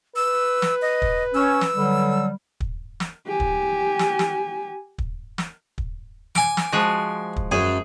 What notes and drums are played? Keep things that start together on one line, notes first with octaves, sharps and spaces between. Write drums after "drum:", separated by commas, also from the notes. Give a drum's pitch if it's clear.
B4 E6
drum: snare
D#5
drum: kick
C#4 E6
drum: snare
D3 F#3 G3
drum: kick
drum: snare
G4 G#5
drum: kick
drum: snare
drum: snare
drum: kick
drum: snare
drum: kick
G#5 D6, drum: snare
drum: snare
F3 G#3 F#4
drum: kick
F#2 G#4